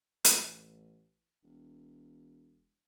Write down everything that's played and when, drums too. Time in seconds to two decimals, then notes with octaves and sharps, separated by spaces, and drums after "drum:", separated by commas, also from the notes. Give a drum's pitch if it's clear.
0.25 A1, drum: hi-hat
1.43 E1